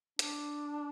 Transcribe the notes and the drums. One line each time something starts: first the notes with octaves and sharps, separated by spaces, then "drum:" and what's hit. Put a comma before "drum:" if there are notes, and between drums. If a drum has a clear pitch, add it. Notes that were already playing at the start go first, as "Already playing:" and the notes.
D4, drum: hi-hat